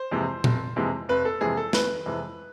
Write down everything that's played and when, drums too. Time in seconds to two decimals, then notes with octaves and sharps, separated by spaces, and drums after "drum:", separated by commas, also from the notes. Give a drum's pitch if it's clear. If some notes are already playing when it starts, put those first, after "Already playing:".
Already playing: C5
0.11 F2 C3 E3 G#3
0.44 F1, drum: tom A#2
0.76 F2 C3 E3 G#3
1.09 F1 B4
1.25 A4
1.41 F2 C3 E3 G#3 G#4
1.57 A4
1.73 F1 B4, drum: snare
2.06 F2 C3 E3 G#3